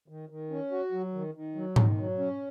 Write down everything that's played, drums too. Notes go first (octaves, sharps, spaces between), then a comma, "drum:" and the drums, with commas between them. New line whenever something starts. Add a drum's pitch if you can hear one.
D#3
D#3
C#4
F#4
F#3
D#3
D#3
F#3
D#3, drum: tom G#2
F#3
C#4